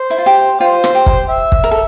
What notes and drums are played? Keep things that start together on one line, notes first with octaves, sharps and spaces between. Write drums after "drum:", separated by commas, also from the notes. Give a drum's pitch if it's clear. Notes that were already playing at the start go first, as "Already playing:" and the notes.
Already playing: C5
E4
F4
G4
F4 C5
drum: rim click
G4
drum: kick
E5
drum: kick
A#4
A4